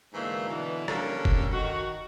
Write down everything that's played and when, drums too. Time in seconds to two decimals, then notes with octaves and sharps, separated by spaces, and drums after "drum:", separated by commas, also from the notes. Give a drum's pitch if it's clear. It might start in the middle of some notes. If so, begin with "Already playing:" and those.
0.14 G#2 B2 D3 E3 A3 A#3
0.49 B2 D3 E3
0.88 D3 G3 A#3 C#4 A4, drum: rim click
1.25 drum: kick
1.52 D#3 F#4